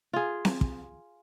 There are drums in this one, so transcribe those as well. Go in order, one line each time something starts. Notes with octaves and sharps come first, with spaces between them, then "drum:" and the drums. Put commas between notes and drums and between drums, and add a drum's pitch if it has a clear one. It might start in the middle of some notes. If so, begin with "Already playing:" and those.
F4 G#4
drum: snare C4
drum: kick